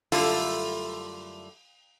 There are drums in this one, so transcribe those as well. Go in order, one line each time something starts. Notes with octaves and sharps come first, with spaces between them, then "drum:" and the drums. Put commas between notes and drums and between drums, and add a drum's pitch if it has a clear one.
F#2 D3 G3 A3 E4 F4, drum: open hi-hat